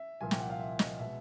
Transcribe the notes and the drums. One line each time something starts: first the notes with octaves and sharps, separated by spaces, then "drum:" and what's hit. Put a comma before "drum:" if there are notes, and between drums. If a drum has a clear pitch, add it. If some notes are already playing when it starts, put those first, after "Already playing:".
Already playing: E5
C2 A#2 F3 A#3 G#5
G5, drum: snare
F#5
F5
E5
D#5, drum: snare
B2 G#3 E5